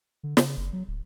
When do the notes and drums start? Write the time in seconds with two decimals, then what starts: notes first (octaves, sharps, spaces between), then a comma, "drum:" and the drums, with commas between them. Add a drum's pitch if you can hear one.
0.23 D3
0.37 C#3, drum: snare
0.57 F#1
0.73 F#3
0.88 D1